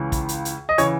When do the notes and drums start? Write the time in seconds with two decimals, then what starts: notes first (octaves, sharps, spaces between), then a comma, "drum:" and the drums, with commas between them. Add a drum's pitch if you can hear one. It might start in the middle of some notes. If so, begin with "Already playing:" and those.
Already playing: C#2 C#3 E3
0.12 drum: kick, hi-hat
0.29 drum: hi-hat
0.45 drum: hi-hat
0.69 D#5
0.78 C#3 E3 C#5, drum: hi-hat